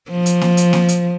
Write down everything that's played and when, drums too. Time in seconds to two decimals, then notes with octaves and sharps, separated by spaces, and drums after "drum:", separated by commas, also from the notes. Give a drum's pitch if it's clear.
0.10 F3
0.26 drum: hi-hat
0.41 drum: snare A#3
0.57 drum: hi-hat
0.73 drum: snare A#3
0.88 drum: hi-hat